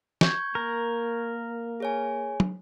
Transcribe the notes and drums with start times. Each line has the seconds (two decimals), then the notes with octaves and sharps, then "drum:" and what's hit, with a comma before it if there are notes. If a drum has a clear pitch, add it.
0.21 C#6 G6 G#6, drum: snare
0.55 A#3 A#4
1.80 G#4 C#5 G#5
2.40 drum: tom